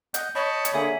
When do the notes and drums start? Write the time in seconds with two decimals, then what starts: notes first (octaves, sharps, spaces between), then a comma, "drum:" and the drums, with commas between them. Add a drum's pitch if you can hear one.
0.14 D#5 F#5 G6, drum: hi-hat
0.35 C#5 D#5 A5 B5
0.65 drum: hi-hat
0.74 D3 A#3 G#4 E5 G#5